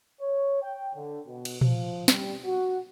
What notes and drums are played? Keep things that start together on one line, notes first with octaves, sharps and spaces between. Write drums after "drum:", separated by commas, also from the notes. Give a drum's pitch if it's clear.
C#5
G5
D3
B2
drum: cymbal
F3, drum: tom A#2
G3, drum: snare
F#4